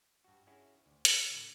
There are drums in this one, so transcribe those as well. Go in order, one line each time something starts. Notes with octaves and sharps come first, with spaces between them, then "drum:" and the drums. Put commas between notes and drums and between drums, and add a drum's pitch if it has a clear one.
G2 F#4
C#4 E4 F#4 G#4 C#5
D2
F#3, drum: hi-hat
A2 D3